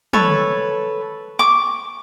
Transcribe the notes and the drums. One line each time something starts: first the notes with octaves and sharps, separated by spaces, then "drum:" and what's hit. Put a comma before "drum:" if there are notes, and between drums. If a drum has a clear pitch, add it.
A4 B4 C#5, drum: tom
C#6 D6